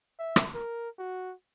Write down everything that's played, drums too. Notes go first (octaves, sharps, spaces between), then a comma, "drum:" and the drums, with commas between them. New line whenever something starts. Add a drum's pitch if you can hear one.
E5
drum: rim click
A#4
F#4